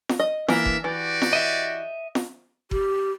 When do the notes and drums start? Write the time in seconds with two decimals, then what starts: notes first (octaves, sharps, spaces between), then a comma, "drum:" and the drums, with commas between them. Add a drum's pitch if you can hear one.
0.09 drum: snare
0.20 D#5
0.48 E3 A#3 D4 A#4 E5, drum: snare
0.65 drum: kick F#1
0.84 E3 F#4 G4 D5
1.22 drum: snare
1.33 D#5 E5
2.15 drum: snare
2.71 G4, drum: kick F#1